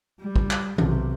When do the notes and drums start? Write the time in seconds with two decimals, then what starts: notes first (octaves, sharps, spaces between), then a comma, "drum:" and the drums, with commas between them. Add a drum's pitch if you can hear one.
0.20 G3
0.36 drum: kick
0.51 drum: clap
0.78 B1 C3, drum: tom D#3